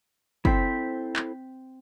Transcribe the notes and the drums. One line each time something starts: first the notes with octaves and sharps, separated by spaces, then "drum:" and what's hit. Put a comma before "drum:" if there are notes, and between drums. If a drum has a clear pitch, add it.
C4 E4 A4 C5 B6, drum: kick
drum: clap